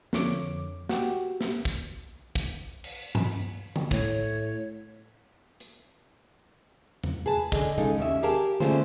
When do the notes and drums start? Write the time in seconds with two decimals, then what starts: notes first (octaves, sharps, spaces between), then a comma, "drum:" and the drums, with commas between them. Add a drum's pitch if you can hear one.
0.13 F2 D3 C#5 D6, drum: snare
0.89 F#4 G4, drum: snare
1.41 drum: snare
1.65 drum: kick
2.35 drum: kick
2.84 drum: cymbal
3.15 drum: tom G2
3.76 drum: tom D3
3.91 A2 C#5, drum: kick
5.60 drum: hi-hat
7.04 drum: tom E2
7.26 G#4 B4 A5
7.52 D3 G#4 D#5, drum: kick
7.78 C#3 G#3 D#4 A4, drum: hi-hat
7.98 D#2 C#4 E5
8.23 G4 G#4 A#4 F5 A5
8.60 D3 A3 C#4 F4 G#4 C5, drum: tom D3